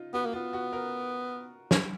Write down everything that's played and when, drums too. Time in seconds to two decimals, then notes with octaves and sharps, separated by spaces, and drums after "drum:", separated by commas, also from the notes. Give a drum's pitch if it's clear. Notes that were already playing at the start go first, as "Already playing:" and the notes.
Already playing: D#4 F4
0.14 B3 F#4
0.25 A#3
0.33 B3 F4
0.53 F#4
0.73 A#4
1.71 drum: snare